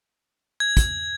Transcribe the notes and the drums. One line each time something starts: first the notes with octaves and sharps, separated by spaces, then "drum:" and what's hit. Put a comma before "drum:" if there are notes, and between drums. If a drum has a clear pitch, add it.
G#6
drum: kick, hi-hat